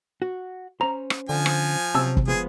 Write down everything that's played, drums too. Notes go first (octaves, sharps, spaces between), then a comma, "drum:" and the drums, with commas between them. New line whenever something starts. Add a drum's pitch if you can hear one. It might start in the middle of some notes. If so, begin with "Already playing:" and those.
F#4
C#4 C5 A#5
drum: rim click
D3 F3 G#5
drum: rim click
C3 F#3 C4 C#4 A5 E6
drum: kick
F3 G#3 B3 G#4